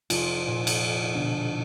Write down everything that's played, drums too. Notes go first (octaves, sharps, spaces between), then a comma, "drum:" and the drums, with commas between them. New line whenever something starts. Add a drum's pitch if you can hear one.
F1 F4, drum: cymbal
A#2
drum: cymbal
B2 D3 D4